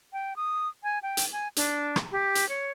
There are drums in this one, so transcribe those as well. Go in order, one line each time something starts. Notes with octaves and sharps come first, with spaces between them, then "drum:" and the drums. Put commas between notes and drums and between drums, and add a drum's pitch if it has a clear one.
G5
D#6
G#5
G5
drum: hi-hat
G#5
D4, drum: hi-hat
drum: rim click
G4
drum: hi-hat
C#5